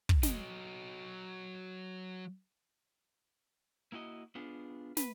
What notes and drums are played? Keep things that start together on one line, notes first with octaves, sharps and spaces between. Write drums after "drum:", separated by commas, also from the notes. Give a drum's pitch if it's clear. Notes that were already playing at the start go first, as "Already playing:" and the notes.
drum: kick
F#3 D#5, drum: snare
A#3 E4 F#4 D#5
B3 D4 F4 G#4
B4, drum: snare